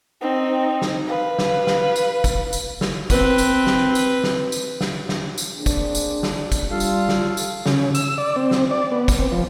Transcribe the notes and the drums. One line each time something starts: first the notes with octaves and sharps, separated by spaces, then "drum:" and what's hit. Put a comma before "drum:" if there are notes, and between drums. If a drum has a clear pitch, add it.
C4 D#4
drum: snare
B4 F5
drum: snare
drum: snare
drum: tambourine
drum: kick, tambourine
drum: tambourine
drum: snare
C4 B4, drum: kick, tambourine
drum: tambourine
drum: snare
drum: tambourine
drum: snare
drum: tambourine
drum: snare
drum: snare
drum: tambourine
A#3 C4 D4 G#4
drum: kick, tambourine
drum: tambourine
drum: snare
drum: kick, tambourine
G3 F4 A4 F5
drum: tambourine
drum: snare
drum: tambourine
C#3, drum: snare
E6, drum: tambourine
D5
C4
drum: snare
D5
B3
drum: kick, tambourine
C4
F3